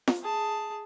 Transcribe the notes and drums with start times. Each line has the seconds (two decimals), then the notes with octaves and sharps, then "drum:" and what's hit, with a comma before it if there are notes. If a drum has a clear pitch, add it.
0.08 drum: snare
0.22 G#4 A5